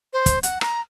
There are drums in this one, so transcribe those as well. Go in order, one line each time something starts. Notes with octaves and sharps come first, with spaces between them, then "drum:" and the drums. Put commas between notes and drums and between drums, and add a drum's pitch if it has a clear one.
C5
drum: kick, hi-hat
F#5, drum: hi-hat
A#5, drum: rim click